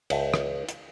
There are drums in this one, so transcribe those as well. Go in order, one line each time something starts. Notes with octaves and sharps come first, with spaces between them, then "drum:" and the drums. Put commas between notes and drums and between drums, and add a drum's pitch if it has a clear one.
C#2 E5 A5, drum: cymbal
drum: rim click
drum: hi-hat